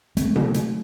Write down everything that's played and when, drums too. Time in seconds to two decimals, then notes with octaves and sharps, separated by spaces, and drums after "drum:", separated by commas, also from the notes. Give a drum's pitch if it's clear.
0.17 F#3 G#3 A3 C4, drum: hi-hat
0.36 drum: tom B2
0.54 drum: hi-hat